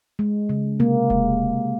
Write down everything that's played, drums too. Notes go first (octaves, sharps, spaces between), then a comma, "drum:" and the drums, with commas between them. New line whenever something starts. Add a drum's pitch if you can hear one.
G#3
C#3
C3 A#3
G#3, drum: kick E1